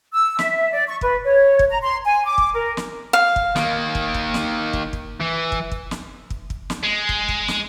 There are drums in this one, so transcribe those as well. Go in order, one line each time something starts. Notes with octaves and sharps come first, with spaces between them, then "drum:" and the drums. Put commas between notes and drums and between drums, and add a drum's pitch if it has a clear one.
E6
E5, drum: snare
D5
C#6
B4, drum: kick
C#5
drum: kick
A#5
C6
G#5
D6
drum: kick
A#4
drum: snare
F5
drum: kick
D#3 A#3, drum: snare
drum: kick
drum: kick
drum: snare
drum: kick
drum: kick
E3
drum: kick
drum: kick
drum: snare
drum: kick
drum: kick
drum: snare
G#3
drum: kick
drum: kick
drum: snare